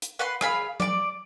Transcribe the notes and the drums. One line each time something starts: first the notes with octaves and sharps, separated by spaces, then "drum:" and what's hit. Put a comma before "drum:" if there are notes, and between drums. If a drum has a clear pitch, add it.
drum: hi-hat
B4 F#5 C6
G#4 F5 B5, drum: rim click
D5 D6, drum: tom